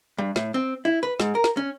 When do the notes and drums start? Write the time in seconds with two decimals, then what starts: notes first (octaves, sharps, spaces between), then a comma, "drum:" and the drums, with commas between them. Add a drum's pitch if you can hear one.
0.18 G2
0.36 A2, drum: snare
0.54 C4
0.85 E4
1.03 B4
1.20 G#2, drum: snare
1.35 A#4
1.44 drum: snare
1.57 C#4